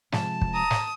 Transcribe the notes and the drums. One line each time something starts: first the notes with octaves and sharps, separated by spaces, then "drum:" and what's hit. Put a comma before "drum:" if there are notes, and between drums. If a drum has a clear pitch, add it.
C3 F3 G#3 A5, drum: snare
drum: kick
A#5 D#6
drum: snare